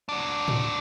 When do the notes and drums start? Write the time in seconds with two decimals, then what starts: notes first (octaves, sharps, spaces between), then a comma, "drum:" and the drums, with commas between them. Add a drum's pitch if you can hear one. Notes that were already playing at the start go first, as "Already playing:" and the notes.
0.09 F#3 D4
0.48 drum: tom G#2